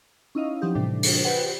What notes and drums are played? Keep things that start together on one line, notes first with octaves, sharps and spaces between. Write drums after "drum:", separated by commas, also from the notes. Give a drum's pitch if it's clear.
C#4 D#4 E4 D#5 F5
F3 F#3 C4 D#4 G4
A2 C3 E3 G3 D4
drum: open hi-hat
G4 B4 C5 F#5 G5